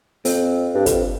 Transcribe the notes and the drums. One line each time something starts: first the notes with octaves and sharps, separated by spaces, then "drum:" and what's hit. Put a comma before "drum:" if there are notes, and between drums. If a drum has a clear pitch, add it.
F2 C4, drum: open hi-hat
G2
F2, drum: kick, hi-hat